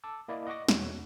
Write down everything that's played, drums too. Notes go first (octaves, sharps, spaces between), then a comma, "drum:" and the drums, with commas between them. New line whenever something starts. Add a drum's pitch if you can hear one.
A5 D6 E6
A#3 E4 D5 D#5
D#5 F#5 C#6 D6 A#6
E2 B2 C#5 F#5, drum: snare